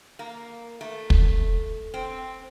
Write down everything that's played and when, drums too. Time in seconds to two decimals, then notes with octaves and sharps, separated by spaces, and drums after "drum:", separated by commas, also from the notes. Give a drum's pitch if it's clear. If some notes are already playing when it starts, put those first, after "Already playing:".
0.19 A#3
0.81 A3
1.10 drum: kick
1.94 C4